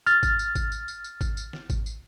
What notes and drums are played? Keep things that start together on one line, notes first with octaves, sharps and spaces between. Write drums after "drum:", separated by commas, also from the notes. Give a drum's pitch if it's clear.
F6 A6, drum: tambourine
drum: kick, tambourine
drum: tambourine
drum: kick, tambourine
drum: tambourine
drum: tambourine
drum: tambourine
drum: kick, tambourine
drum: tambourine
drum: snare
drum: kick, tambourine
drum: tambourine